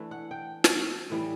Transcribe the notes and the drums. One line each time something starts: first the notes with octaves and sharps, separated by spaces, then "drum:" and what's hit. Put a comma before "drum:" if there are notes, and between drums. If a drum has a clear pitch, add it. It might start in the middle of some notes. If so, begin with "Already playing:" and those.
Already playing: E3 A3 D4
F#5
G5
drum: snare
A2 E3 G3